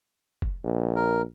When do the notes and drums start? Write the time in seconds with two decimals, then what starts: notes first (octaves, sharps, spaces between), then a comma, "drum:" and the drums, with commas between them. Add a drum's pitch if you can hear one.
0.42 drum: kick
0.64 A#1
0.96 A#4